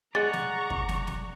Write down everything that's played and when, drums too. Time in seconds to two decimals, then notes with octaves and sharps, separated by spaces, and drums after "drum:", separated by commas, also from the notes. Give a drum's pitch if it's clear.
0.15 G#3 D5 F#5 A#5 C#6 A6
0.33 drum: snare
0.70 drum: kick
0.89 drum: snare
1.07 drum: snare